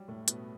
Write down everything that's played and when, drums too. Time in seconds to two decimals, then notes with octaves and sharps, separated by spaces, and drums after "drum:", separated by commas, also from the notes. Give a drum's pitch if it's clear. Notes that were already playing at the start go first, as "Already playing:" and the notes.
Already playing: F#3 G3
0.08 A2 A3
0.28 B2 B3, drum: hi-hat